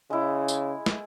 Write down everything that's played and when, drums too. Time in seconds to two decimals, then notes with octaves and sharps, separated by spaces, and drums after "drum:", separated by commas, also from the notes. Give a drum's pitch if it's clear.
0.10 C#3 G#3 E4
0.48 drum: tambourine
0.86 drum: snare